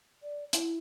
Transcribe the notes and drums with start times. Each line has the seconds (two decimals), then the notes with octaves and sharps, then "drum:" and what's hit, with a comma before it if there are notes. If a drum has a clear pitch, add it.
0.23 D5
0.53 E4, drum: hi-hat